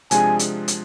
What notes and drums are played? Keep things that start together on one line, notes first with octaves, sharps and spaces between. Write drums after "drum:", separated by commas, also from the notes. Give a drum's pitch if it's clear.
C3 F3 G#3 D4 G#4 G#5, drum: hi-hat
drum: hi-hat
drum: hi-hat